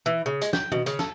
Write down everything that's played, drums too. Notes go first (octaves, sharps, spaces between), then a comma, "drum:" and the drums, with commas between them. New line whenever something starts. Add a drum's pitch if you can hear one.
E3
C#3
G#3, drum: hi-hat
G5, drum: snare
B2, drum: tom
C#3, drum: hi-hat
A4, drum: snare